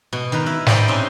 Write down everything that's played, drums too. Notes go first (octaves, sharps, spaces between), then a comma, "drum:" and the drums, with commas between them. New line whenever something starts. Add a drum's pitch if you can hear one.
B2
D#3 A#4 B4
E4 B4
D#4 G4 B4 C5 D5 D#5, drum: snare
C4 C#4 D#4 E5 C6